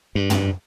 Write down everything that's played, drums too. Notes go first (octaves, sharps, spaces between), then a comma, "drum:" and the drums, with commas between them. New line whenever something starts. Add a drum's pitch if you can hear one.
G2
drum: tom